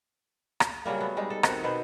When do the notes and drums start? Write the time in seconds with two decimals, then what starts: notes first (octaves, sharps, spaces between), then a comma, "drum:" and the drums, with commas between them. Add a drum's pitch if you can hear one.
0.60 drum: rim click
0.85 C#3 F#3 G3 A#3
0.98 A3 B3
1.17 G3 G#3 D#4
1.30 A4
1.43 D#3 C4 F#4, drum: rim click
1.63 B2 B3 C5